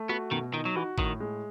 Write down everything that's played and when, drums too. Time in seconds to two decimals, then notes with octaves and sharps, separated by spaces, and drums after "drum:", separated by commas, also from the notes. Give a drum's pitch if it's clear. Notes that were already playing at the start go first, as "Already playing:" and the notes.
Already playing: A3
0.09 B3 F#4
0.31 B2 D#3
0.54 D#3 D#4
0.65 F#3
0.76 E3 F#4
0.98 A2 D#3, drum: kick G#1
1.20 G#3